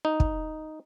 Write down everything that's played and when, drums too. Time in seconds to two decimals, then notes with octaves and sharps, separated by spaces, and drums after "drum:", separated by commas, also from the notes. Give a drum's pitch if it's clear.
0.05 D#4
0.20 drum: kick